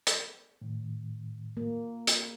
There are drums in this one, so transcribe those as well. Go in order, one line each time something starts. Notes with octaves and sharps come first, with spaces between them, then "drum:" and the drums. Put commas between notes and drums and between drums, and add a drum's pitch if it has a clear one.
drum: hi-hat
A2 D#3
A#3
drum: hi-hat